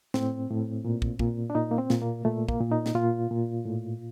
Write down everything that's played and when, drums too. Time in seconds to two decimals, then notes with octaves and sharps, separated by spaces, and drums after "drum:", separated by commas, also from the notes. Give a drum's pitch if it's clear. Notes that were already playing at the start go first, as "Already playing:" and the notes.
0.14 A2 C4, drum: snare
0.50 A2
0.85 A#2
1.02 drum: kick
1.19 A#2, drum: kick
1.50 D4
1.55 A#2 D#4
1.71 A#3
1.78 C4
1.90 A#2, drum: snare
2.02 A#3
2.25 A#2 A3
2.49 A#3, drum: kick
2.60 A#2
2.72 D#4
2.86 drum: snare
2.95 A#2 F4
3.30 A#2
3.65 A2